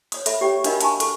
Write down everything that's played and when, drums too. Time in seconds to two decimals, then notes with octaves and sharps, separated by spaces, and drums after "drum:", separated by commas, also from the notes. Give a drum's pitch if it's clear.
0.12 C#5 D5 D#6, drum: hi-hat
0.26 A4 E5 B5, drum: hi-hat
0.41 G4 C#5 D5 G5
0.64 D4 F#4 A#4 D#5 F5 B5, drum: hi-hat
0.81 G#5 A5 B5 C#6, drum: hi-hat
1.00 A4, drum: hi-hat